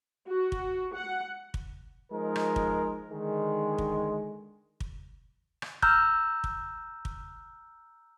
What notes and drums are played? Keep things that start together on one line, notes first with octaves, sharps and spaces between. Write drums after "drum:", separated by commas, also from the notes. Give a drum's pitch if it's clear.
F#4
drum: kick
F#5
drum: kick
F3 G#3 D#4 A#4
drum: rim click
drum: kick
D3 D#3 G#3
drum: kick
drum: kick
drum: rim click
A#5 E6 F6 G6, drum: kick
drum: kick
drum: kick